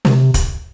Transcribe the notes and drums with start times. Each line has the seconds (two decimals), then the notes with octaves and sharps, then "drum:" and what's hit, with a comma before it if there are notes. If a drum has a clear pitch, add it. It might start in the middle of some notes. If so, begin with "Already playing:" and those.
0.05 C3, drum: snare
0.34 drum: kick, hi-hat